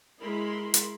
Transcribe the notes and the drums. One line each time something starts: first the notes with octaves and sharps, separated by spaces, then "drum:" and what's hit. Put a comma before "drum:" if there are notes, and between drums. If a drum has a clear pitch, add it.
G#3 E4 A#4 B5 C6
drum: hi-hat